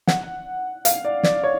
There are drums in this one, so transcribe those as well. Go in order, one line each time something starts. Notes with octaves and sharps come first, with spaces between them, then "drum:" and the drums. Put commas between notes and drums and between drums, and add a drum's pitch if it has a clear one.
F#5, drum: snare
F5, drum: hi-hat
D5
D5, drum: snare
C#5